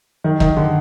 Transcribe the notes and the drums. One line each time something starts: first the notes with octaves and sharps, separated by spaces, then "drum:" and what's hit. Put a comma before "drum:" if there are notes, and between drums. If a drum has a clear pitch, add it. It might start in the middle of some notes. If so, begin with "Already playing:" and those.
D#3
D#3, drum: kick
D3